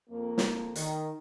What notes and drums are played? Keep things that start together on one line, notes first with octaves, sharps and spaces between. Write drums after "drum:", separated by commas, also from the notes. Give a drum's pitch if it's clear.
F2 A#3
drum: snare
D#3, drum: hi-hat